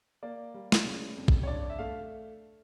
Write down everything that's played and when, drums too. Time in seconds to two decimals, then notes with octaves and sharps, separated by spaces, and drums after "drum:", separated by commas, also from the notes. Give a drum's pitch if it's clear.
0.23 A#3 D5
0.54 G3
0.72 drum: snare
0.85 C#3
1.17 F2
1.28 drum: kick
1.43 C#5
1.47 G2 D5
1.70 E5
1.79 A3 F5